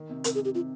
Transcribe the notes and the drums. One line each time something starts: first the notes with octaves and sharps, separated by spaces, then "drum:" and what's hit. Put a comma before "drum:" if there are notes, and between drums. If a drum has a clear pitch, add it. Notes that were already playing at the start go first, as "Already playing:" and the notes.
Already playing: D#3
C3
C3 A#4, drum: hi-hat
G#4
C3
G4
C3 F4